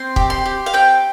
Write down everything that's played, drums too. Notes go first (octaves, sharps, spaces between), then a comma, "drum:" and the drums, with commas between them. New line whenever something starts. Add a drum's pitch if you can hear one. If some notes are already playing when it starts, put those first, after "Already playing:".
Already playing: C4 C6
G4, drum: kick
C6
G4
F5
C4 G5